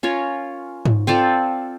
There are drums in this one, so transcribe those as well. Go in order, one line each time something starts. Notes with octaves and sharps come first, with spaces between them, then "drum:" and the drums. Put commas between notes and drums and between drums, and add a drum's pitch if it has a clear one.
C#4 F4 A#4 C#5
drum: tom G#2
C4 F4 A4 D5